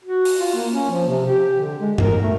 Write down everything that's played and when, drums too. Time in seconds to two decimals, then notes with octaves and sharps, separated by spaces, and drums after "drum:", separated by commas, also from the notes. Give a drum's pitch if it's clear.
0.04 F#4
0.25 drum: open hi-hat
0.39 F4
0.55 A#3
0.73 C#4
0.90 F3
1.08 C3
1.26 G4
1.60 D3
1.80 G#3
1.98 A#4, drum: tom G2
2.21 A3